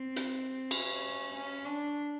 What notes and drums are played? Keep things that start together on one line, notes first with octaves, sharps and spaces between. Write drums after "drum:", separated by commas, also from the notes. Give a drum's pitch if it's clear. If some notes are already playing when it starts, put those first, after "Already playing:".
Already playing: C4
drum: hi-hat
C#4, drum: cymbal
C#4
D4